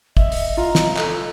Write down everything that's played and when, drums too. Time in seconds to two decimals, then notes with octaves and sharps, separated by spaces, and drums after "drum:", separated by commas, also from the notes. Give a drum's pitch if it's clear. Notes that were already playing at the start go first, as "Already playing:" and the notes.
0.17 D#5 E5, drum: kick
0.32 drum: open hi-hat
0.57 F4 A#5
0.75 drum: snare
0.97 A4, drum: clap